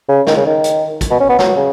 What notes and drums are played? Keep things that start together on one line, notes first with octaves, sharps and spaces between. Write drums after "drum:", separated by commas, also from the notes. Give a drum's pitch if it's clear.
C#3
D#3, drum: snare
C#3
D#3
drum: hi-hat
drum: kick, hi-hat
B2
C#4
B3
F#3, drum: snare
C#3